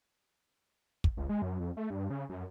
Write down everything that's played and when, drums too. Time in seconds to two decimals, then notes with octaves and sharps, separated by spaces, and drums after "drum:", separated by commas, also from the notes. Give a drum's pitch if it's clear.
1.04 drum: kick
1.17 C#2
1.29 G#3
1.42 F#2
1.60 F2
1.77 A3
1.90 G2
2.10 C#3
2.29 F#2